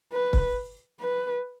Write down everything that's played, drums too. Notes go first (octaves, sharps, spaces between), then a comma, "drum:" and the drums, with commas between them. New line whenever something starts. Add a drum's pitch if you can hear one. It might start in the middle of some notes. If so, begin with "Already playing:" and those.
B4
drum: kick
B4